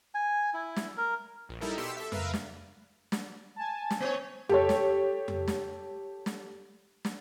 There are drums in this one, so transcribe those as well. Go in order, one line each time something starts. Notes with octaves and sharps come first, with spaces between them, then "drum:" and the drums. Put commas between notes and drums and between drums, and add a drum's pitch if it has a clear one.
G#5
E4
drum: snare
A#4
A#1
G3 D#4 E4 A4 A#4
B2 G4 C6 E6 B6 C#7
A4 E5
A#4 B4 E5 F5, drum: tom F2
drum: snare
drum: snare
G#5 A5
drum: snare
B3 C#5 G#5
G4 A4 C#5, drum: tom F2
drum: snare
drum: tom F2
drum: snare
drum: snare
drum: snare